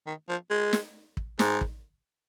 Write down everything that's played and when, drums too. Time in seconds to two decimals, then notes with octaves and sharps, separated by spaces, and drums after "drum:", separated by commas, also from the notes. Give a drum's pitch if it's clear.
0.06 D#3
0.29 F3
0.50 G#3
0.73 drum: snare
1.17 drum: kick
1.39 G#2, drum: snare
1.61 drum: kick